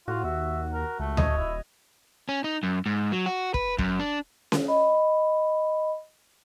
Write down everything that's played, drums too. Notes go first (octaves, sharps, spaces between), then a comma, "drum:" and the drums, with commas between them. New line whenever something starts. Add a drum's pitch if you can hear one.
A2 F4 F#4
D#2 E5
A#4
C#2 A3
C#5 D#5, drum: tom D2
D#1 E4
C#4
D#4
F#2
G#2
F#3
F#4
B4, drum: kick
F#2, drum: kick
D4
drum: snare C#4
D#5 B5